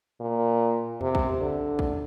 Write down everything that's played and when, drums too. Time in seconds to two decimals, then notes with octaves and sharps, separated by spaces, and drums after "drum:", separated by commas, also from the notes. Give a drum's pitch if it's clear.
0.20 A#2
1.01 C3, drum: tom E2
1.15 drum: kick B1
1.41 D3
1.79 drum: kick B1